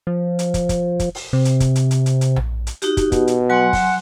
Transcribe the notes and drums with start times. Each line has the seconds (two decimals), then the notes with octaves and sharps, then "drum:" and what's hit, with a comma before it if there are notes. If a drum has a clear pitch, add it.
0.07 F3
0.39 drum: hi-hat
0.54 drum: kick, hi-hat
0.69 drum: kick, hi-hat
1.00 drum: kick, hi-hat
1.15 drum: open hi-hat
1.33 C3
1.45 drum: hi-hat
1.60 drum: kick, hi-hat
1.75 drum: hi-hat
1.91 drum: hi-hat
2.06 drum: hi-hat
2.21 drum: hi-hat
2.36 drum: tom A#1
2.67 drum: hi-hat
2.82 D#4 F#4 G4, drum: hi-hat
2.97 drum: kick, hi-hat
3.12 B2, drum: kick, hi-hat
3.27 drum: hi-hat
3.50 F#3 F#5 G#5 C6
3.73 drum: kick, open hi-hat